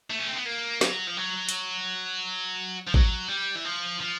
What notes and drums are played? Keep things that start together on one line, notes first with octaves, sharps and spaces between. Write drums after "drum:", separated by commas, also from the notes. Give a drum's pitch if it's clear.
A3
C#4
C4
B3
A#3
F#3, drum: snare
F3
F#3
drum: hi-hat
F3
F#3, drum: kick G#1
G3
E3
F3
F3